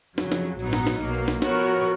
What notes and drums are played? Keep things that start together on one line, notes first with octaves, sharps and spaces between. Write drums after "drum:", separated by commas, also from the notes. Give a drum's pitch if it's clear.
F2 C#3 F#3, drum: snare
drum: snare
drum: tambourine
A#1 G#2 F#3 B3 D#4, drum: tambourine
drum: snare
drum: snare
B1 B2 F#3 A#3, drum: tambourine
drum: tambourine
drum: snare
F3 B3 F#4 A#4 C#5, drum: snare
drum: tambourine
drum: tambourine